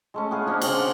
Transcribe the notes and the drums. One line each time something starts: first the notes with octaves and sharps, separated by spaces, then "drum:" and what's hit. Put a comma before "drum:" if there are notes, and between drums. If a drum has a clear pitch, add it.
G#3 A3 C#4
B3 G#4 F5 F#5
F3 A#3 C#4 D4
C#3 C4 F#5, drum: cymbal
D5